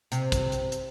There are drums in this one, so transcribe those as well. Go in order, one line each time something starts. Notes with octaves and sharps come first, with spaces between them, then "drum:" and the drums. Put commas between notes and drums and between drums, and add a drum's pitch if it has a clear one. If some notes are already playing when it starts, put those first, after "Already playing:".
C3, drum: hi-hat
drum: kick, hi-hat
drum: hi-hat
drum: hi-hat